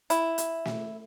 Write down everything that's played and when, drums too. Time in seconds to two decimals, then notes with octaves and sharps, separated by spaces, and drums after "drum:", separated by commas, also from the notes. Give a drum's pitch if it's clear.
0.10 E4, drum: hi-hat
0.38 drum: hi-hat
0.65 drum: snare